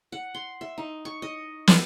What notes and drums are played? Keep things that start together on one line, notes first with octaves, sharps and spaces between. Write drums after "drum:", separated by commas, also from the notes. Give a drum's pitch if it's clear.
F#5
C6
E5
D#4
C#6
D#5
drum: snare